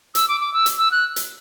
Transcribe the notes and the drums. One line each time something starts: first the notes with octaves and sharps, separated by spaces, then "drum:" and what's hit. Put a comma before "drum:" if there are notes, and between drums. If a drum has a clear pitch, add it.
E6, drum: hi-hat
D6
D6
E6
drum: hi-hat
E6
F#6
drum: hi-hat